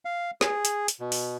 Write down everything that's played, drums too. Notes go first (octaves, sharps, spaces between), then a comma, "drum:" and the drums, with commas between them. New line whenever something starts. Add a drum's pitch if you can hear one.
F5
G#4, drum: snare
drum: hi-hat
drum: hi-hat
B2
drum: open hi-hat